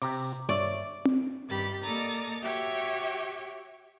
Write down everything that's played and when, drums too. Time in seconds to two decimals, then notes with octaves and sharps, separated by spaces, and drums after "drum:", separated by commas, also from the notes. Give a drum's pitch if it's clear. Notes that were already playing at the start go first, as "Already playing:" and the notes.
0.02 C3 G4 A#5 D6, drum: open hi-hat
0.49 G2 C#5 D5 E5
1.05 drum: tom C4
1.49 G2 D#3 G4 B5 A6
1.83 A#3 A4 D5 D#5 A#5 A6, drum: hi-hat
2.43 F#4 G4 C#5 E5 G5